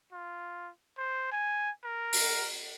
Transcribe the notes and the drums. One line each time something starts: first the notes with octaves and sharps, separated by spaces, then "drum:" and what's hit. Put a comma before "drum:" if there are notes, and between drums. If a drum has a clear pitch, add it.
F4
C5
G#5
A#4
drum: open hi-hat